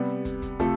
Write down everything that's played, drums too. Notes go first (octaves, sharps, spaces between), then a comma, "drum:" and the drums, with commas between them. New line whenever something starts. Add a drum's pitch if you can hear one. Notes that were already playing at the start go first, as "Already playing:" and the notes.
Already playing: C3 G3 B3
drum: kick, hi-hat
drum: kick, hi-hat
C3 F3 A3 A4, drum: kick, hi-hat